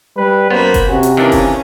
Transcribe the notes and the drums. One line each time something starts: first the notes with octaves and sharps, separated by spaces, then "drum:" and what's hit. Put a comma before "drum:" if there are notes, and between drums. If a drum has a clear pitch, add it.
G3 B4
F#2 A#3 B3 C5 B5
drum: kick F#1, hi-hat
C3 C#4 F#4
drum: hi-hat
D#3 E3 A#3 C#4 D4
drum: kick F#1, open hi-hat